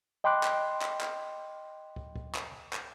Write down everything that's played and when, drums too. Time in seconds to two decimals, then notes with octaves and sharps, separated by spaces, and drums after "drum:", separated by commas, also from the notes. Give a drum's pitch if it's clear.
0.24 D#5 G5 B5 C6 D6 F#6
0.43 drum: clap
0.82 drum: clap
1.01 drum: clap
1.96 drum: kick
2.16 drum: kick
2.35 drum: clap
2.73 drum: clap